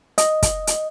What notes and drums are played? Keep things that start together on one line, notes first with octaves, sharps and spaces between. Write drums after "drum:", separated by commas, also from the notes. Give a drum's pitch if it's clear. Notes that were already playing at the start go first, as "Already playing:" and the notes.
D#5, drum: hi-hat
drum: kick, hi-hat
drum: hi-hat